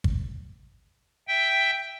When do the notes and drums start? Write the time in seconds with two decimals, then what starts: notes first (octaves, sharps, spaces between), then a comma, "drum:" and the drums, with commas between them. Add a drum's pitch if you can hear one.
0.04 drum: kick
1.28 E5 G5